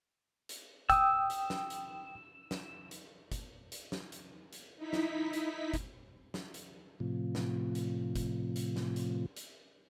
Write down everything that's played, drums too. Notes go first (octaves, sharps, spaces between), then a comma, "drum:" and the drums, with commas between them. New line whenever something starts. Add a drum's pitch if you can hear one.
drum: hi-hat
G5 D#6 E6, drum: kick, hi-hat
drum: hi-hat
drum: snare
drum: hi-hat
drum: snare
drum: hi-hat
drum: kick, hi-hat
drum: hi-hat
drum: snare
drum: hi-hat
drum: hi-hat
D#4 E4 B6
drum: snare
drum: hi-hat
drum: kick, hi-hat
drum: snare
drum: hi-hat
A2 C3 F3
drum: snare
drum: hi-hat
drum: kick, hi-hat
drum: hi-hat
drum: snare
drum: hi-hat
drum: hi-hat